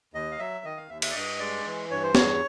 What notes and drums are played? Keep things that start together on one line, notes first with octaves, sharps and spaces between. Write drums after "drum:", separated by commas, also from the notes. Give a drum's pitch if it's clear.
D#2 D#5
F5
F#3 E5
D#3 D#5
F5
D#2 E5
E5, drum: cymbal
D5
G2 D#5
G#3 D5
E3
G2 C#5
C5
E2 C#5, drum: snare